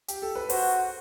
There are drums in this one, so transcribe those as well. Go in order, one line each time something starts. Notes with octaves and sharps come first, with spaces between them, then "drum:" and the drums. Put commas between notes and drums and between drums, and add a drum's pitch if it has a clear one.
G4, drum: hi-hat
A4
B4
F#4 C5, drum: open hi-hat